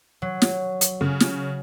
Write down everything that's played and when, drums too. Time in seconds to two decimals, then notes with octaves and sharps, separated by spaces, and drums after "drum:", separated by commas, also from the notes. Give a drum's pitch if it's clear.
0.22 F#3
0.42 drum: snare
0.81 drum: hi-hat
1.01 C#3
1.20 drum: snare